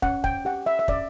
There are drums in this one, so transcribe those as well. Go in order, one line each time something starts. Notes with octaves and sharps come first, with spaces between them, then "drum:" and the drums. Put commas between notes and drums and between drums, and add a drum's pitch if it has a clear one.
C#4 F#5, drum: kick
G5, drum: kick
G4 F#5
E5
E5
C#4 D5, drum: kick